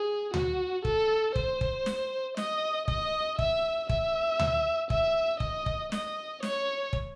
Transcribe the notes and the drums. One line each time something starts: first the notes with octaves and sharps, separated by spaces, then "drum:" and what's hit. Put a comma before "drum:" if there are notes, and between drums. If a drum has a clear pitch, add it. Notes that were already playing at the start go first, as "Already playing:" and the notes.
Already playing: G#4
F#4, drum: tom D2
A4, drum: kick
C5, drum: kick
drum: kick
drum: snare
D#5, drum: snare
D#5, drum: kick
E5, drum: kick
E5, drum: kick
drum: tom D2
E5, drum: kick
D#5, drum: kick
drum: kick
D#5, drum: snare
C#5, drum: snare
drum: kick